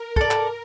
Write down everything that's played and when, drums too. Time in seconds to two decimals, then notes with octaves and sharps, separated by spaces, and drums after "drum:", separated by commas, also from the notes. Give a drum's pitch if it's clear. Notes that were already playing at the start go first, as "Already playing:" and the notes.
Already playing: A#4
0.16 A4 D5, drum: kick
0.31 drum: clap